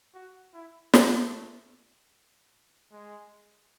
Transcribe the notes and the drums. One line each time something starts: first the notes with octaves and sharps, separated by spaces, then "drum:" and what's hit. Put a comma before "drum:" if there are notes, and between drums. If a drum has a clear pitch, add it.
F#4
E4
A3, drum: snare
G#3